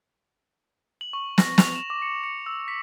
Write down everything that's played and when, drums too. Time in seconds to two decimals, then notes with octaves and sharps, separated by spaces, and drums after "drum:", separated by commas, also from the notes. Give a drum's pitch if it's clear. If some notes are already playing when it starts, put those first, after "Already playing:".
1.01 F#7
1.13 C#6
1.38 A#6, drum: snare
1.58 F7, drum: snare
1.76 E7
1.90 D6
2.02 C#7
2.23 C#7
2.46 E6
2.68 B6